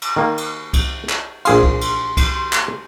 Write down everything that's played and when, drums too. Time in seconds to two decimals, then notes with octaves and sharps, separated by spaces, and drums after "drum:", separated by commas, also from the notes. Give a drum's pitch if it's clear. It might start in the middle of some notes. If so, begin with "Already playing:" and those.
0.02 drum: cymbal
0.16 D#3 A#3
0.38 drum: cymbal
0.73 drum: kick C2, cymbal
1.09 drum: clap
1.45 A#1 G#4 F5 C6, drum: cymbal
1.63 drum: kick C2
1.81 drum: cymbal
2.17 drum: kick C2, cymbal
2.53 drum: clap